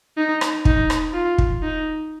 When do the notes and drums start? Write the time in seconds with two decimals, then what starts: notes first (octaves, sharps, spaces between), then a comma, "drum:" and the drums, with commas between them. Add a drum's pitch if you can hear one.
0.17 D#4
0.41 drum: rim click
0.65 D#4, drum: kick
0.90 drum: rim click
1.14 F4
1.38 drum: kick
1.63 D#4